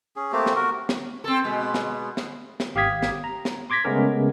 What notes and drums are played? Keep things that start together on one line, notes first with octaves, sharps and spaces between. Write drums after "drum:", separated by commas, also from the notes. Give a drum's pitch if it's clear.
C#4 G#4
A3 A#3 C4 G4
drum: snare
F#4 A#4
drum: snare
C4 A4
B2 G#3
drum: snare
drum: snare
drum: snare
G#1 G4 F5 D#6 G#6 B6
drum: snare
A#5
drum: snare
C6 D6 G#6 A#6 B6
C#3 G#3 A3 B3 C#4 A#4